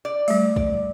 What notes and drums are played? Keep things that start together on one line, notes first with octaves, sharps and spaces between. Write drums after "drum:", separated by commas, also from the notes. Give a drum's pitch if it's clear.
D5
G3 A3, drum: open hi-hat
D5, drum: kick